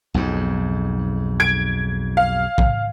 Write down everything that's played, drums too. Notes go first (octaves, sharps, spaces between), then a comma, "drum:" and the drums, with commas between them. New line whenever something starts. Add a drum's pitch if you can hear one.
B1 F2 G#2
G#6 D7
F5
drum: kick A#1